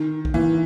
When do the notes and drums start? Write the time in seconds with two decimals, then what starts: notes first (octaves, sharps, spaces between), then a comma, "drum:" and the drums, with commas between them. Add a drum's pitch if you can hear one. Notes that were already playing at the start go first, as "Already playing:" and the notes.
Already playing: D#3
0.25 drum: kick B1
0.34 E3